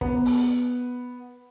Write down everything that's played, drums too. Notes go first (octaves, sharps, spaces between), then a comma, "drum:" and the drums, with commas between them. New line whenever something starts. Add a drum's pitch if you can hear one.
B3, drum: kick
drum: open hi-hat